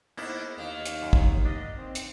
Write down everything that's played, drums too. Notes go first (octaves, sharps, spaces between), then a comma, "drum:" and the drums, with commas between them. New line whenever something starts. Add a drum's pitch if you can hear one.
G#2 A#3 B3 E4
D#2 D#3 C#5 D5 F5
drum: hi-hat
F#2
drum: kick
D4 D#5
C4
drum: hi-hat